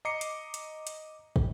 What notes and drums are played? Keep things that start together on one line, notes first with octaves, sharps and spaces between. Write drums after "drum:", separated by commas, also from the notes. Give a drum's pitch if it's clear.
D#5 A#5 D6 C7 C#7
drum: hi-hat
drum: hi-hat
drum: hi-hat
drum: kick